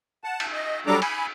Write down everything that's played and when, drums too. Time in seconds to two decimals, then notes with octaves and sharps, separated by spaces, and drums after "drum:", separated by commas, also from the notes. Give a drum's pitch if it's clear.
0.24 F#5 A5
0.40 drum: cymbal
0.53 D#5
0.87 F#3 G3 D4 A4 A#5 D6
1.02 G#5 B5, drum: cymbal